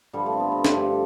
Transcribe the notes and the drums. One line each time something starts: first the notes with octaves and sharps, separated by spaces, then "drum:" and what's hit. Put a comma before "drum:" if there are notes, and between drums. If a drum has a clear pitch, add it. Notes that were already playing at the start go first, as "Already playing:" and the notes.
G2 D3 F3 G3
A3
C4
B3
C4
G2 D3 F3 G4, drum: snare
A4